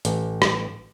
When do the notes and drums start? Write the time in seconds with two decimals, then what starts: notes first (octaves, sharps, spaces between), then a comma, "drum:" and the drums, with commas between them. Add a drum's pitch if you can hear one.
0.05 A1, drum: hi-hat
0.42 drum: rim click